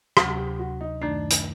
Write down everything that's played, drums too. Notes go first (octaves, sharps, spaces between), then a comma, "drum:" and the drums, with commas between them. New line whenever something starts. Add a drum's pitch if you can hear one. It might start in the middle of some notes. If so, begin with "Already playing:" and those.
D2 C3 F#3 F#4, drum: rim click
G4
F#4
D#4
F#2 D#3 A3 D4 D#4
drum: hi-hat